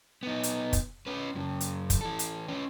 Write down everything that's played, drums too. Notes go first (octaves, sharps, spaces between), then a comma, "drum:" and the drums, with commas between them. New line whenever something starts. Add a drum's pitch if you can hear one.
B3 D#4
drum: hi-hat
drum: kick, hi-hat
C#4 B4
F#2 C#3
drum: hi-hat
drum: kick, hi-hat
E3 A4
drum: hi-hat
C#4 B4